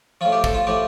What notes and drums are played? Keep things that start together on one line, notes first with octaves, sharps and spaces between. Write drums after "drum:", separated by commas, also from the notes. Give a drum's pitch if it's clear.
A2 F3 F4
G4
A4, drum: kick
F4
A2 F3 G4